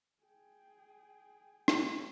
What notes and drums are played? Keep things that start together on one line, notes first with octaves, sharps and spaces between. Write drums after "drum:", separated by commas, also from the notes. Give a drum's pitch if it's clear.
G#4 G5
drum: rim click